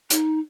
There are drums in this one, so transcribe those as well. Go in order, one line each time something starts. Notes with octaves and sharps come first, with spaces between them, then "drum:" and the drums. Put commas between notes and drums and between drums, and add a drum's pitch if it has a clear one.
D#4, drum: hi-hat